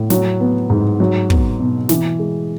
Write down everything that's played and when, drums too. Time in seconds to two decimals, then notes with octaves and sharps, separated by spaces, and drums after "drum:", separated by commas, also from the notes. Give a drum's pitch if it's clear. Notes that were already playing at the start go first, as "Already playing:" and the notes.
Already playing: A2
0.10 F#3, drum: snare
0.40 B3
0.70 G#2
1.00 F#3
1.30 B3, drum: kick
1.60 B2
1.89 E3, drum: snare
2.19 G#3